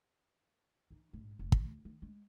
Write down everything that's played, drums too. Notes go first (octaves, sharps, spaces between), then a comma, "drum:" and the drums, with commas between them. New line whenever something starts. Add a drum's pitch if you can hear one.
E3 D#4
A#1 G#2
F1
D2, drum: kick
D#3
G#3